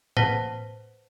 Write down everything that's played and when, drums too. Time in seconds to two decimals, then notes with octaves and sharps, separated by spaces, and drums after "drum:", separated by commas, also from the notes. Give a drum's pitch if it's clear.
0.17 B4 C5 F#5 A5 A#6 B6, drum: tom A2